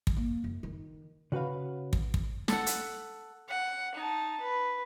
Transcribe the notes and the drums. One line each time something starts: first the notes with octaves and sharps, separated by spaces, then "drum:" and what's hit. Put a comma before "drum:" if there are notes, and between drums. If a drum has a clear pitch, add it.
drum: kick
A#3
F#2
D#3
C#3 F#4 B4 F5
drum: kick
drum: kick
A4 F#5, drum: snare
drum: hi-hat
F#5
D#4 A5
B4